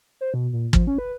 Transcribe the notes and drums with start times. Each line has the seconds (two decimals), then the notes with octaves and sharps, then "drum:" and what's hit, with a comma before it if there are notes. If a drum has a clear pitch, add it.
0.21 C5
0.34 B2
0.53 A#2
0.73 F3, drum: kick
0.87 C#4
0.98 B4